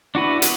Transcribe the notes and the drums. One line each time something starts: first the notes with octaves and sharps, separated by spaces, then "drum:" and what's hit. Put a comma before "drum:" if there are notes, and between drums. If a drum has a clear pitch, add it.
D4 E4 F#4 B4
B3, drum: hi-hat